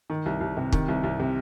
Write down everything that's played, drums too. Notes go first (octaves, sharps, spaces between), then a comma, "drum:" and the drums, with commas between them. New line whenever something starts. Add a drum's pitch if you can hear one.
D#3
C2
C2
C3
D#3, drum: kick
C2
C2
C3